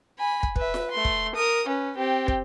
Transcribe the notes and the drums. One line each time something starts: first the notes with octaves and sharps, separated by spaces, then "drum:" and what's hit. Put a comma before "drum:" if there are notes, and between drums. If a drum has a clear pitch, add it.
G#5 B5
drum: kick
B4 E5, drum: kick
drum: snare F4
A3 C6
drum: kick
A#4 D#6
C#4 B4
C4 G4
drum: kick